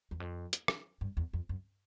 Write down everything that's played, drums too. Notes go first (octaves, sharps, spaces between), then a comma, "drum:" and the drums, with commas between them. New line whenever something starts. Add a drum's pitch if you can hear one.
E2
F2
drum: hi-hat
drum: rim click
G2
E2
F2
F#2